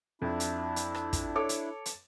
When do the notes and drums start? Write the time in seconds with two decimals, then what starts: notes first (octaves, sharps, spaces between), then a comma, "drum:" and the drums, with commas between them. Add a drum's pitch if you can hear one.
0.22 F2 D4 E4
0.40 drum: hi-hat
0.76 drum: hi-hat
0.94 drum: rim click
1.13 drum: kick, hi-hat
1.36 A4 C#5 D6
1.49 drum: hi-hat
1.86 drum: hi-hat